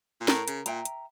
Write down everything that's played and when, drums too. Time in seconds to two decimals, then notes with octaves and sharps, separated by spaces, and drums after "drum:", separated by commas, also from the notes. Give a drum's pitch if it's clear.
0.21 A#2
0.28 A2 A#4, drum: snare
0.48 C#3, drum: hi-hat
0.66 A#2 E5 G5 A#5, drum: hi-hat
0.85 drum: hi-hat